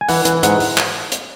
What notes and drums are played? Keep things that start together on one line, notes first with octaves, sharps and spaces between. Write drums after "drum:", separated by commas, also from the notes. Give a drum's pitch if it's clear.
G#5
E3 F#5, drum: open hi-hat
E3, drum: hi-hat
G#2 F#5, drum: hi-hat
drum: open hi-hat
drum: clap
drum: hi-hat